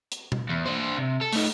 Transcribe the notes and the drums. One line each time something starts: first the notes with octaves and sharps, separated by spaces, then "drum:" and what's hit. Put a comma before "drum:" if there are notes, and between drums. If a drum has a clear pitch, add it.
drum: hi-hat
drum: tom B2
E2
D4 C5
C3
A4
A3 D#4, drum: open hi-hat